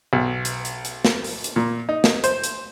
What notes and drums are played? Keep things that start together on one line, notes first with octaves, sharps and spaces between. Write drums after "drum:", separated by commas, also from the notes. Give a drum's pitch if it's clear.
B1
drum: hi-hat
drum: hi-hat
drum: hi-hat
drum: snare
drum: open hi-hat
drum: hi-hat
A#2
D#4
drum: snare
C5, drum: hi-hat
drum: hi-hat